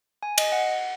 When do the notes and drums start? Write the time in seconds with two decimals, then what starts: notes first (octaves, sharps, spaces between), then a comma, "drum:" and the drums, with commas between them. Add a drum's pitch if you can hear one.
0.23 G#5
0.38 D#5, drum: cymbal
0.52 F#5